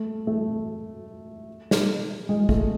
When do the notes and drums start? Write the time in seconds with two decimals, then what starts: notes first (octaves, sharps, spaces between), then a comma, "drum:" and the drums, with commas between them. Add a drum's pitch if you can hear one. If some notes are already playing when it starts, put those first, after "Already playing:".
Already playing: A3
0.27 A3
1.71 drum: snare
2.29 G#3
2.49 A3, drum: kick